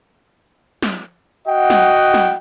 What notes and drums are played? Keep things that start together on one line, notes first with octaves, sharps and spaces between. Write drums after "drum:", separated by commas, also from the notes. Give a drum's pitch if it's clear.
drum: snare
F#4 D#5 F#5 G5
drum: snare
drum: snare